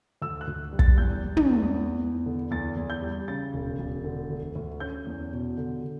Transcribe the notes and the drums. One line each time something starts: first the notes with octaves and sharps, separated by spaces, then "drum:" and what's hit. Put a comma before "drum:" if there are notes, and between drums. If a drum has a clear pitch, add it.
D2 E6
F#6
D2
G3
A6, drum: kick
E2 G6
E2
drum: tom
E2
B3
E2
D3
E2 A6
E2
G6
G3
C#3 A6
E1
E1
D3
D2
D2
C#4 G6
E2
B2
D3
D3